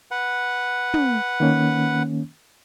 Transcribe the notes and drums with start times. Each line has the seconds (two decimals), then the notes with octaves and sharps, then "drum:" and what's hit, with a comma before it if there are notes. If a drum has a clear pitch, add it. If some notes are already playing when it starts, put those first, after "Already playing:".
0.11 B4 F#5
0.94 drum: tom
1.40 D#3 A#3 C#4